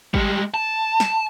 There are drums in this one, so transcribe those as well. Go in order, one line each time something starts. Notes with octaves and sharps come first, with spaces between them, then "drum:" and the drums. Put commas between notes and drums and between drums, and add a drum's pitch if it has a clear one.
G3 G#3, drum: kick G#1
A5
drum: snare